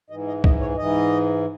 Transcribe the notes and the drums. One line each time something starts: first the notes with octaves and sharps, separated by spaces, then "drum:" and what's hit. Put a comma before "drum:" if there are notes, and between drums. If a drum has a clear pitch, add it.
G#2 E3 D#5
D#5
D#5, drum: kick
C#5
G#2 E3 D#5